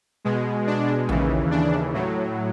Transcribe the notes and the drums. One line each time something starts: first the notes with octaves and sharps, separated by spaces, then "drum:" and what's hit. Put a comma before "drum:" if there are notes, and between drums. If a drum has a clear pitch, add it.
B2 G#3
D4
D#2 C#3 E3, drum: tom A#1
D4
A2 F#3